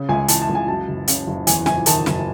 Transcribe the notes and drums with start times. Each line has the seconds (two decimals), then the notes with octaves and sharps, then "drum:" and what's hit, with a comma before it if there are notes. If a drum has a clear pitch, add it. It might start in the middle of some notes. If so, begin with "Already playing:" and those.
Already playing: C#3
0.09 C#2 G#5
0.28 E3 A5, drum: hi-hat
0.42 A5
0.49 C#2
0.55 G#5
0.68 F#2 A5
0.88 F#1
1.08 C#3, drum: hi-hat
1.27 F#1
1.47 E2 G#5, drum: hi-hat
1.66 F#1 G#5, drum: snare
1.86 D#3 A5, drum: hi-hat
2.06 F#1, drum: snare